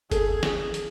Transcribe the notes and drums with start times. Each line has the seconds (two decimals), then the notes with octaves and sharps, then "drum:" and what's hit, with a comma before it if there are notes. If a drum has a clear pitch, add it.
0.12 G#4 A4, drum: kick F#1, hi-hat
0.43 drum: snare
0.74 drum: hi-hat